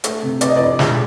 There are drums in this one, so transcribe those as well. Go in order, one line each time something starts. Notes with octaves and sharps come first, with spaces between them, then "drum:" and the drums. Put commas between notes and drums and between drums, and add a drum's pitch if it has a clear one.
A3, drum: hi-hat
C3
C3 D5, drum: hi-hat
D#5
F2 D5
G#3, drum: snare